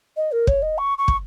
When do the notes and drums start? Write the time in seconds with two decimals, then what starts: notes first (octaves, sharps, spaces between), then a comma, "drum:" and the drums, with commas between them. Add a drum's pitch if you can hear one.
0.16 D#5
0.32 A#4
0.47 C#5, drum: kick
0.62 D#5
0.78 C#6
0.98 C#6
1.08 drum: kick